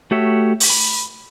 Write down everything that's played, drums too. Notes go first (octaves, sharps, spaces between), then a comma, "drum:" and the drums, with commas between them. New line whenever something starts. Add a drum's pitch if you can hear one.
A3 F#4 G4 C#5 E5
drum: open hi-hat
B5